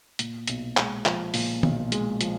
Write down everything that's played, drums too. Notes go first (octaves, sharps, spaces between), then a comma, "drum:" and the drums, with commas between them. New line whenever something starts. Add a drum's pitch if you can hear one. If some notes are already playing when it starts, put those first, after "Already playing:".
A#2, drum: hi-hat
B1, drum: hi-hat
G#3, drum: clap
F3, drum: clap
A#2, drum: open hi-hat
B1, drum: tom D#3
G#3, drum: hi-hat
F3, drum: hi-hat